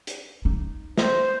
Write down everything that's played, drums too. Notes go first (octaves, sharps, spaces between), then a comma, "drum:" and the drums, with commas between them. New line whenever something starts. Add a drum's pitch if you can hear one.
drum: hi-hat
D#4
C5, drum: snare